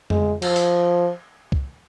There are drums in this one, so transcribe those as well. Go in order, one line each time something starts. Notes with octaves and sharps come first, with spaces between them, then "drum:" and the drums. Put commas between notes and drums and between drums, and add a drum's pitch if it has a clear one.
G#3, drum: tom F2
F3, drum: cymbal
drum: open hi-hat
drum: kick C2